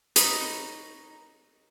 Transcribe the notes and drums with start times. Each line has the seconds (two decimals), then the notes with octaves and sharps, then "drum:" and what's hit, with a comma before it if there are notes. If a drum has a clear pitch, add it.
0.16 D#4 C#5 D#5 B5, drum: hi-hat